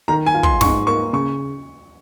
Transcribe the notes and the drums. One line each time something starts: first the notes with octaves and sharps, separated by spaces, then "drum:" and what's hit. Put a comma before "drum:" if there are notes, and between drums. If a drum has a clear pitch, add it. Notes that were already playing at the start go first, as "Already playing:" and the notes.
D#3 A#5
G#5
F4
C6, drum: kick
G#2 C#6, drum: snare
A#3 C#6
C#3 C#6